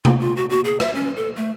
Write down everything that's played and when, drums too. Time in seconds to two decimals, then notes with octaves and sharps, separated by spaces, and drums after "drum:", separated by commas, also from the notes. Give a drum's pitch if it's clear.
0.05 F4, drum: tom C3
0.20 F4
0.36 F#4
0.50 F#4
0.65 G#4
0.80 E5, drum: rim click
0.95 C#4
1.17 A4
1.36 A3